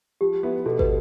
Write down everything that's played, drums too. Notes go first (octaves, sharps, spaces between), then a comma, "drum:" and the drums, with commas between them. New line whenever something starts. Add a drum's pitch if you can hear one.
F3 G4
B3 E4
B2 A4
B4, drum: kick